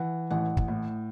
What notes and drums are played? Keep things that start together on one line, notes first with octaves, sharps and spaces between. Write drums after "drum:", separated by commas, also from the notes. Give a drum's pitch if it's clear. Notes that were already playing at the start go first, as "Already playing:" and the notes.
Already playing: E3 F#5
A1 F#5
drum: kick
A2